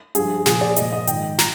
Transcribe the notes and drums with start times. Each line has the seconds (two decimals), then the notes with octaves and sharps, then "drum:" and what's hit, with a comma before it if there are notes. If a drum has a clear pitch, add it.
0.15 G2 F3 G#4, drum: hi-hat
0.46 A#2 F3 G#4, drum: snare
0.61 D5
0.76 A#2 F3 D#5, drum: hi-hat
0.93 D#5
1.07 G#2 D#3 G5, drum: hi-hat
1.39 A#5, drum: snare